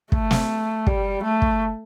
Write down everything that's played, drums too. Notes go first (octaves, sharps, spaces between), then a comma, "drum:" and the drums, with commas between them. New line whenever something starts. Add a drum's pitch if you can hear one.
A3, drum: kick
drum: snare
G3, drum: kick
A3
drum: kick